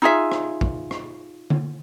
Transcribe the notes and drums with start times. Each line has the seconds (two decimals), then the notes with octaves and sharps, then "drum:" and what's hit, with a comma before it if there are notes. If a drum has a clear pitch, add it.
0.02 D#4 F4 G#4 E5
0.32 drum: rim click
0.61 drum: kick
0.91 drum: rim click
1.50 drum: tom D3